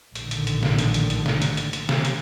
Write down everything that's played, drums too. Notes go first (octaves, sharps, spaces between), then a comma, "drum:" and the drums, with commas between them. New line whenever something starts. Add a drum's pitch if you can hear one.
A#1 A2 D3 D#3, drum: hi-hat
drum: hi-hat
drum: hi-hat
drum: snare
drum: hi-hat
drum: hi-hat
drum: hi-hat
drum: snare
drum: hi-hat
drum: hi-hat
drum: hi-hat
drum: snare
drum: hi-hat